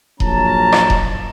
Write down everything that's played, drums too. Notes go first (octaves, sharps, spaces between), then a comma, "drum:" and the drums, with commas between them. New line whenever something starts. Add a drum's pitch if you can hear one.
A#1 F#3 C#4 A5 A#5, drum: kick D#1
drum: rim click
drum: kick D#1